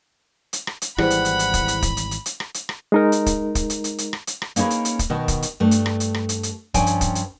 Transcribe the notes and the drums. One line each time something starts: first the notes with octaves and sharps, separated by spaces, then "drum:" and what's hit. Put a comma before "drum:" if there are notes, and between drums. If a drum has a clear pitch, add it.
drum: hi-hat
drum: rim click
drum: hi-hat
G#1 E3 G3 E4 G#4 C5 F#5 B5, drum: rim click
drum: hi-hat
drum: hi-hat
drum: hi-hat
drum: kick, hi-hat
drum: hi-hat
drum: kick, hi-hat
drum: hi-hat
drum: hi-hat
drum: hi-hat
drum: rim click
drum: hi-hat
drum: rim click
G#3 D#4 A#4
drum: hi-hat
drum: kick, hi-hat
drum: kick, hi-hat
drum: hi-hat
drum: hi-hat
drum: hi-hat
drum: rim click
drum: hi-hat
drum: rim click
A#3 C#4 D#4 G#4 B4, drum: hi-hat
drum: hi-hat
drum: hi-hat
drum: kick, hi-hat
B2 D#3
drum: kick, hi-hat
drum: hi-hat
G2 A3
drum: hi-hat
drum: rim click
drum: hi-hat
drum: rim click
drum: hi-hat
drum: hi-hat
G2 F3 C#4 G5 G#5, drum: kick, hi-hat
drum: hi-hat
drum: kick, hi-hat
drum: hi-hat